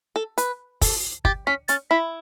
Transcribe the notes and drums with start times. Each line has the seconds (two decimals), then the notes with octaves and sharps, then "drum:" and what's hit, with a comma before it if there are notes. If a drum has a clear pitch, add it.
0.16 A4
0.38 B4, drum: hi-hat
0.81 A4, drum: kick, open hi-hat
1.25 G4 A6, drum: kick
1.47 C#4 B6
1.68 C#4 A6, drum: hi-hat
1.90 E4 B6